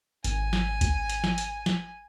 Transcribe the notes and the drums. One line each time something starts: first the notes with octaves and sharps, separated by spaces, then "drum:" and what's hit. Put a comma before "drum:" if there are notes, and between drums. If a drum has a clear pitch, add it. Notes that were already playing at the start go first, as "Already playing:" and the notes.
G#1 G#5, drum: hi-hat
drum: snare
drum: kick C#2, hi-hat
drum: hi-hat
drum: snare
drum: hi-hat
drum: snare